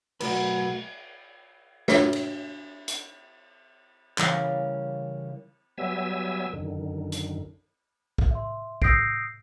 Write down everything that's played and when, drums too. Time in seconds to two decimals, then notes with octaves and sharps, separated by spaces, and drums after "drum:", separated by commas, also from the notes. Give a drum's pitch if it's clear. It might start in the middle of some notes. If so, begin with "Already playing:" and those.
0.20 B1 A3 F#4 A#4 B4, drum: cymbal
1.88 D4 F#4 C#5 E5, drum: snare
2.13 drum: cymbal
2.88 drum: hi-hat
4.18 C#3 E3 G3 C#4 A#4 F5, drum: clap
5.78 F#3 G3 B3 E5 G#5 E6
6.53 F#2 D3 D#3
7.12 drum: hi-hat
8.18 drum: kick
8.31 E5 C6
8.82 D#6 E6 G6 A#6 C7 D7, drum: kick